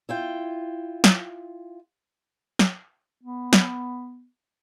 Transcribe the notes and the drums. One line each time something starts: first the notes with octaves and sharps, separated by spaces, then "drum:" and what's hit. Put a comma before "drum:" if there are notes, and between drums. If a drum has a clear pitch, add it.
E4 F4 G5
drum: snare
drum: snare
B3
drum: snare